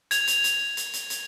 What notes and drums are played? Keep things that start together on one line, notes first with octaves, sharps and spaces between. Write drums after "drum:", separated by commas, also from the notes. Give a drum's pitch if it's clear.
G#6 F7, drum: hi-hat
drum: hi-hat
drum: hi-hat
drum: hi-hat
drum: hi-hat
drum: hi-hat